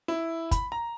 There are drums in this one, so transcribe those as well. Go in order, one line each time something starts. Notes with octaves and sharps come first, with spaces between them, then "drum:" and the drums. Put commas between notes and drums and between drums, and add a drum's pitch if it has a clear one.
E4
B5, drum: kick, hi-hat
A#5